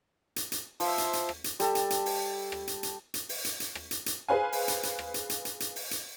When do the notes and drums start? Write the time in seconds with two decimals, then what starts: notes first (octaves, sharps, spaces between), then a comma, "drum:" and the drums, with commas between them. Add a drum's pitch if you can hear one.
0.36 drum: hi-hat
0.52 drum: hi-hat
0.80 F3 C5 E5, drum: open hi-hat
0.98 drum: hi-hat
1.13 drum: hi-hat
1.29 drum: rim click
1.44 drum: hi-hat
1.60 G3 A4, drum: hi-hat
1.75 drum: hi-hat
1.90 drum: hi-hat
2.06 drum: open hi-hat
2.52 drum: rim click
2.67 drum: hi-hat
2.83 drum: hi-hat
3.14 drum: hi-hat
3.29 drum: open hi-hat
3.45 drum: hi-hat
3.60 drum: hi-hat
3.75 drum: rim click
3.91 drum: hi-hat
4.06 drum: hi-hat
4.28 G#4 B4 C5 F5 G#5
4.52 drum: open hi-hat
4.68 drum: hi-hat
4.83 drum: hi-hat
4.99 drum: rim click
5.14 drum: hi-hat
5.30 drum: hi-hat
5.45 drum: hi-hat
5.60 drum: hi-hat
5.76 drum: open hi-hat
5.91 drum: hi-hat